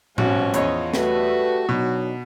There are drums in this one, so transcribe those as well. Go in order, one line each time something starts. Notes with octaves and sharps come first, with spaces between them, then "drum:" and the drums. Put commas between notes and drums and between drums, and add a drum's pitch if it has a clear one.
G#1 B2 F3 G3 C#4 F#4, drum: tom A2
E2 C#5 D#5, drum: hi-hat
G3 A3 F#4 B4, drum: snare
B2 D#3 F#3 D4 D#4